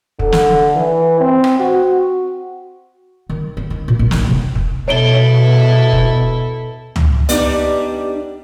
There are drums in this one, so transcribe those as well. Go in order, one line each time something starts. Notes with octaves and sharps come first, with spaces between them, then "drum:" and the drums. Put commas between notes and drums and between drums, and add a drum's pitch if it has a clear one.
D3, drum: kick
drum: snare
E3
C4
drum: rim click
F#4
D#3
E4
D#3
A#2
A#1
D#3, drum: snare
F1
drum: kick
B2 E4 A4 C#5 D7 G7
drum: kick
drum: tom C#2
G3 B3 D4 D#4 D5, drum: hi-hat